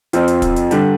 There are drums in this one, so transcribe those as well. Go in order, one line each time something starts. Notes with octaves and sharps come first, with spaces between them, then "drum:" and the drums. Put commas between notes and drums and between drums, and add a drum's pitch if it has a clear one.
F2 F3 C4 F4, drum: hi-hat
drum: hi-hat
drum: kick, hi-hat
drum: hi-hat
D3 G3, drum: hi-hat